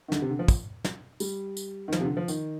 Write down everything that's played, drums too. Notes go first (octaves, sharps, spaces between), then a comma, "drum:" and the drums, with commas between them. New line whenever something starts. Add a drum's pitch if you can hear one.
D#3
D3, drum: snare
C3
D3
F3
drum: kick, tambourine
drum: snare
G3, drum: tambourine
drum: tambourine
D#3
F3, drum: snare
C3
D3
F3
D#3, drum: tambourine